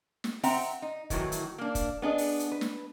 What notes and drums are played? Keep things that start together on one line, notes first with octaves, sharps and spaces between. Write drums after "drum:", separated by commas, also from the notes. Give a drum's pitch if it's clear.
drum: snare
C4 E5 F#5 G5 A#5, drum: open hi-hat
D#4
A2 D#3 E3 F#3, drum: kick, hi-hat
drum: hi-hat
A#3 D4
drum: kick, hi-hat
B3 D4 G#4 D#5
drum: open hi-hat
drum: hi-hat
B4
drum: snare